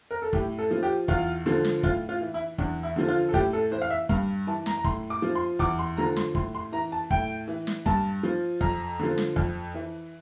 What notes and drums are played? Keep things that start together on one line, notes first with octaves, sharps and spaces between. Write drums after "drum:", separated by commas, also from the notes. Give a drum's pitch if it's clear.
A#4
A4
A2 G4, drum: kick
A4
F3
G4
E2 F4, drum: kick
D3 F3
drum: snare
A2 F4, drum: kick
F4
E3
E4
E2 D4, drum: kick
E4
D3 F3
F4
A4
A2 G4, drum: kick
A4
E3 C5
F5
E5
G2 F5, drum: kick
E3 A5
A#5, drum: snare
A#5
A2 C6, drum: kick
D6
F3
C6
E2 D6, drum: kick
C6
D3 F3 A#5
C6, drum: snare
A2 C6, drum: kick
C6
E3 A#5
A5
A2 G5, drum: kick
E3
drum: snare
G2 A5, drum: kick
F3
F2 A#5, drum: kick
D3 F3
drum: snare
F2, drum: kick
E3